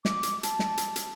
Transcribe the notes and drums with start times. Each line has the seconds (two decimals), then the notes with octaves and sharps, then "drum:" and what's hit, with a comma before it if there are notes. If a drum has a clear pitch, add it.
0.05 D6, drum: snare
0.23 drum: hi-hat
0.43 A5, drum: hi-hat
0.59 drum: snare
0.77 drum: hi-hat
0.96 drum: hi-hat